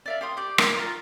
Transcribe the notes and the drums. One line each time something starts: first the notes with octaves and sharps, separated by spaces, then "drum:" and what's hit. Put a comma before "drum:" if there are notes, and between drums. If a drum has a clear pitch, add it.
D5 E5 F5
G4 F5 C6 D#6
G4 D5
A#3, drum: rim click
F4 A#4 A5 A#5